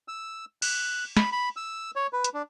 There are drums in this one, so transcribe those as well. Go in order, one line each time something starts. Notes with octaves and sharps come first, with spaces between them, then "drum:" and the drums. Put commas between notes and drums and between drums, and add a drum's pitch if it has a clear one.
E6
F#6, drum: cymbal
B5, drum: snare
B5
E6
C#5
B4
drum: hi-hat
D4